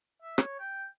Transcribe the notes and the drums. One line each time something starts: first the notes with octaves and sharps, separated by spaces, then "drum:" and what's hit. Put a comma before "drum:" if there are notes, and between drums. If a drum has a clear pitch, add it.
E5
C#5, drum: rim click
G5